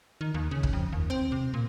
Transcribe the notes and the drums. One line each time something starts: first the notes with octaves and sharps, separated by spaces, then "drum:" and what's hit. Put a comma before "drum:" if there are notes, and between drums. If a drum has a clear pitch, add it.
D#3
D#2
C#3
drum: kick
F2
D#2
C4
C3
A#2